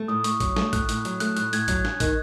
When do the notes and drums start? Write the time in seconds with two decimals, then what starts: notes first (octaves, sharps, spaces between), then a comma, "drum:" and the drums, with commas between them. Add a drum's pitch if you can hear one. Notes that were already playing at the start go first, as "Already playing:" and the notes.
Already playing: A3
0.08 A2 D#6
0.24 A2 C#6, drum: hi-hat
0.40 F#3, drum: kick, hi-hat
0.56 A3, drum: snare
0.73 A2 F#6, drum: kick, hi-hat
0.89 A2, drum: hi-hat
1.05 F#3, drum: hi-hat
1.20 A3 F#6, drum: hi-hat
1.37 A2 F#6, drum: hi-hat
1.53 A2 G#6, drum: hi-hat
1.68 F#3 F#6, drum: kick, hi-hat
1.85 C#4 F#6, drum: snare
2.00 D#3 F#6, drum: kick, hi-hat